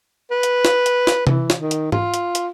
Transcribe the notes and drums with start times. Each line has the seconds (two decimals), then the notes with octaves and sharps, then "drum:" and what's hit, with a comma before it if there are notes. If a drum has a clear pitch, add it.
0.31 B4
0.43 drum: hi-hat
0.65 drum: snare
0.86 drum: hi-hat
1.07 drum: snare
1.27 E3, drum: tom C3
1.50 drum: snare
1.60 D#3
1.71 drum: hi-hat
1.92 F4, drum: tom G#2
2.14 drum: hi-hat
2.35 drum: hi-hat